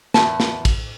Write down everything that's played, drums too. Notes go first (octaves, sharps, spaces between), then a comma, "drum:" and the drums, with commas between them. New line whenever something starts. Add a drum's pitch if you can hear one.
E2 A5, drum: snare
drum: snare
drum: kick, cymbal